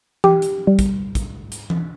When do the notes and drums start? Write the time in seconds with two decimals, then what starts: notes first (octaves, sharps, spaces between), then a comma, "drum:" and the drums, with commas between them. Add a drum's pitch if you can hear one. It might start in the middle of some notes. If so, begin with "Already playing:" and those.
0.24 G4, drum: tom E3
0.42 drum: hi-hat
0.67 G3
0.79 drum: kick, hi-hat
1.15 drum: kick, hi-hat
1.52 drum: hi-hat
1.70 drum: tom E3